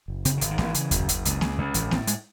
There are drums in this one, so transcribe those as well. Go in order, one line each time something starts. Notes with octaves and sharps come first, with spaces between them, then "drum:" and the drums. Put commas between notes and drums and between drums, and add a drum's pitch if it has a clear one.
F#1
C#3 C4, drum: hi-hat
D#3
G#1, drum: hi-hat
D#3
G#1 E3, drum: snare A#3
C#3, drum: hi-hat
F#1, drum: kick D#2, hi-hat
F#1, drum: hi-hat
C#2, drum: hi-hat
C#3, drum: snare A#3
C#2
A1 E3, drum: hi-hat
A2 C4, drum: snare A#3
G#3, drum: hi-hat